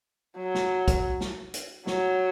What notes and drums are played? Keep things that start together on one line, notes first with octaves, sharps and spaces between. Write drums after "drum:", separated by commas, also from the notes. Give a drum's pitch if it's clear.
F#3
drum: snare
drum: kick, hi-hat
drum: snare
drum: hi-hat
F#3, drum: snare